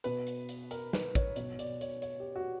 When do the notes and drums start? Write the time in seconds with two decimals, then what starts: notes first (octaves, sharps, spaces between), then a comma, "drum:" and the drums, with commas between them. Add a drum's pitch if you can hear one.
0.04 B2 B4, drum: hi-hat
0.27 drum: hi-hat
0.49 drum: hi-hat
0.71 A#4, drum: hi-hat
0.93 B4, drum: snare
1.15 C#5, drum: kick, hi-hat
1.36 B2 C#5, drum: hi-hat
1.59 D5, drum: hi-hat
1.81 C#5, drum: hi-hat
2.02 C#5, drum: hi-hat
2.20 G4
2.36 F#4